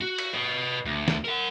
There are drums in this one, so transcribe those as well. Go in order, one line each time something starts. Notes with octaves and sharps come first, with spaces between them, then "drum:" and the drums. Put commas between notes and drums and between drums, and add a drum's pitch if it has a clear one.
F#4
drum: cymbal
B4 D#5
D2
drum: snare
A#4 F#5